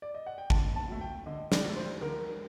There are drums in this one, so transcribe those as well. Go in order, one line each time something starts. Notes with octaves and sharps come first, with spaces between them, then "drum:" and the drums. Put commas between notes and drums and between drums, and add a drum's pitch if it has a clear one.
D5
D#5
F#5
G5
D3 A5, drum: kick
A5
F#3 A3
G5
D3 D#5
D5, drum: snare
F#3 A3
C5
D3 A#4